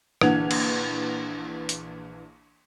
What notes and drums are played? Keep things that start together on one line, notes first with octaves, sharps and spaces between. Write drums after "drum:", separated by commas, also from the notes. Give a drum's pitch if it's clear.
A#1 D3 E3 F#5 G#6 F7, drum: rim click
drum: cymbal
drum: hi-hat